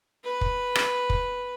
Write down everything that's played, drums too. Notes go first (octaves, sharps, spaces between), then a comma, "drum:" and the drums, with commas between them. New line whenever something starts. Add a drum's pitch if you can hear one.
B4
drum: kick
drum: rim click
drum: kick